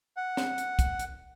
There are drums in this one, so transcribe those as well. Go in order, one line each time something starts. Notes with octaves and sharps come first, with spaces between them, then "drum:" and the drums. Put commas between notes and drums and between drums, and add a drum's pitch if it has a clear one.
F#5
drum: snare
drum: hi-hat
drum: kick, hi-hat
drum: hi-hat